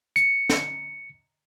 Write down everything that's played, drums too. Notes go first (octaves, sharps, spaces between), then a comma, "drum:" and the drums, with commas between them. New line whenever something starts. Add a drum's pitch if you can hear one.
C#7, drum: hi-hat
drum: snare